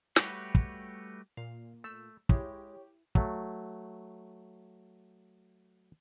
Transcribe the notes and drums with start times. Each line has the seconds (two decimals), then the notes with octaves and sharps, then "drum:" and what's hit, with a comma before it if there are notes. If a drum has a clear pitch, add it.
0.16 G3 A3 F#4 G4 B4 C#5, drum: snare
0.55 drum: kick
1.37 A#2 F5
1.84 A3 E6
2.29 G#3 E4 G4 C#5, drum: kick
3.15 F#3 A3, drum: kick